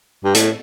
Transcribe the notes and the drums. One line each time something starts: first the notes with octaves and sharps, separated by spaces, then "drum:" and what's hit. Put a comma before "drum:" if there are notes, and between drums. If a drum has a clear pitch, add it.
G2
A2, drum: hi-hat